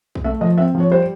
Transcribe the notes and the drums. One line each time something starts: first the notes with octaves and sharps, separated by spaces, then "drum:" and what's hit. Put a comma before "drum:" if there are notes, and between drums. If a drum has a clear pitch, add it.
drum: kick
A3 E5
F3 D#5
C4 E5
F3
C#5
G3 C5